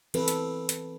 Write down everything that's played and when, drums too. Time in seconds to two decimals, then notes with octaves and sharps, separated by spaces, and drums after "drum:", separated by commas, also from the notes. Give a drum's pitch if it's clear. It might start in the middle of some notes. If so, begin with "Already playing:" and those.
0.14 E3 C4 A4 B4, drum: cymbal
0.28 drum: hi-hat
0.69 drum: hi-hat